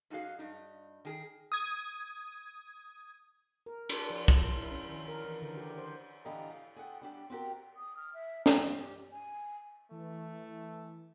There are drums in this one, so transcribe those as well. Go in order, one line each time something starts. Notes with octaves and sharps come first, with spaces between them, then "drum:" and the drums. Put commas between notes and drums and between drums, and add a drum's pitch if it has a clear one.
F#2 D#4 F#4 G#4 F5
G2 D#4
D#3 G#4
D#6 G#6
A#4
D4, drum: cymbal
F3
F4, drum: kick
E4
C#4
D#3
A#4
E3
D3
G4
C5
D3 E3 G4 D#5 F5 A#5
F5
G#4 A4 F#5 G5
G3 D4 G4
C4 F#4 G4 A#4
D#6
F6
E5
A#5, drum: snare
G4
G#5
E3 A3